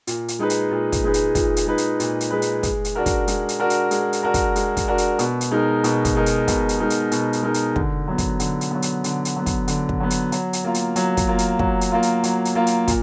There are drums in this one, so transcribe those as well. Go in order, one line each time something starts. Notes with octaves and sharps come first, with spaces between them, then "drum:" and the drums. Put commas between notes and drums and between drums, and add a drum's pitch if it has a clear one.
A#2, drum: hi-hat
drum: hi-hat
G#3 D#4 G#4 B4
drum: hi-hat
A#2
drum: kick, hi-hat
G#3 D#4 G#4 B4
drum: hi-hat
A#2, drum: kick, hi-hat
drum: hi-hat
G#3 D#4 G#4 B4
drum: hi-hat
A#2, drum: hi-hat
drum: hi-hat
G#3 D#4 G#4 B4
drum: hi-hat
G#3, drum: kick, hi-hat
drum: hi-hat
D4 F#4 A#4
drum: kick, hi-hat
G#3, drum: hi-hat
drum: hi-hat
D4 F#4 A#4
drum: hi-hat
G#3, drum: hi-hat
drum: hi-hat
D4 F#4 A#4
drum: kick, hi-hat
G#3, drum: hi-hat
drum: kick, hi-hat
D4 F#4 A#4
drum: hi-hat
B2, drum: hi-hat
drum: hi-hat
G#3 D#4 A#4
B2, drum: hi-hat
drum: kick, hi-hat
G#3 D#4 A#4
drum: hi-hat
B2, drum: kick, hi-hat
drum: hi-hat
G#3 D#4 A#4
drum: hi-hat
B2, drum: hi-hat
drum: hi-hat
G#3 D#4 A#4
drum: hi-hat
D3, drum: kick
F#3 B3
drum: kick, hi-hat
D3, drum: hi-hat
drum: hi-hat
F#3 B3
drum: hi-hat
D3, drum: hi-hat
drum: hi-hat
F#3 B3
drum: kick, hi-hat
D3, drum: hi-hat
drum: kick
F#3 B3
drum: hi-hat
F#3, drum: hi-hat
drum: hi-hat
A#3 F4
drum: hi-hat
F#3, drum: hi-hat
drum: kick, hi-hat
A#3 F4
drum: hi-hat
F#3, drum: kick
drum: hi-hat
A#3 F4
drum: hi-hat
F#3, drum: hi-hat
drum: hi-hat
A#3 F4
drum: hi-hat
A#2, drum: kick, hi-hat